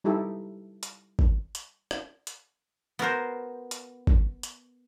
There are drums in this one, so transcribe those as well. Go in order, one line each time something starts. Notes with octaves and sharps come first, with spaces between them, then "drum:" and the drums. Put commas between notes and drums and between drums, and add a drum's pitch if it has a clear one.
G3 D#4 E4 G4 A4
drum: hi-hat
drum: kick G#1
drum: hi-hat
drum: rim click
drum: hi-hat
B3 F#4 A#4 C5
drum: hi-hat
drum: kick G#1
drum: hi-hat